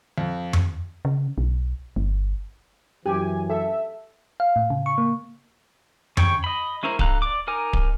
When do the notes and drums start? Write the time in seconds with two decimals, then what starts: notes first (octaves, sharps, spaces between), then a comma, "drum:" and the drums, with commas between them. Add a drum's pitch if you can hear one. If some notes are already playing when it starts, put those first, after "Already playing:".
0.18 F2
0.53 drum: tom F2
1.05 C#3
1.38 B1
1.96 G1
3.06 F#2 E3 G4 G#5
3.50 A4 E5
4.40 F5
4.56 A2
4.70 C#3
4.86 C#6
4.98 A#3
6.17 C#3 C#5 G5 C#6, drum: tom F2
6.44 D#5 B5
6.83 G#3 C#4 E4 A#4 C5
6.99 D3 A4 F5 A#5 F#6, drum: kick D1
7.22 D5 D6
7.47 D#4 A#4 G#5 D6
7.73 drum: kick D1